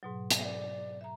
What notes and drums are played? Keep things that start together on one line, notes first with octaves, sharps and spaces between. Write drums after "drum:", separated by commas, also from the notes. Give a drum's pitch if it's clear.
G#2 B2 F#3
drum: hi-hat
D5
E5 A#5